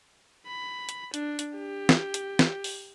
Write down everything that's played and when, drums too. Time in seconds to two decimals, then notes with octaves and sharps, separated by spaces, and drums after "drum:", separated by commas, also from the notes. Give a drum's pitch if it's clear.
0.47 B5
0.89 drum: hi-hat
1.14 D4, drum: hi-hat
1.39 drum: hi-hat
1.59 G4
1.89 drum: snare
2.14 drum: hi-hat
2.39 drum: snare
2.64 drum: open hi-hat